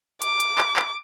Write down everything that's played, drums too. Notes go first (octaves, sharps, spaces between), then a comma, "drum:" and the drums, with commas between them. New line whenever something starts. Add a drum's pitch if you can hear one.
D6, drum: hi-hat
drum: hi-hat
drum: clap
drum: clap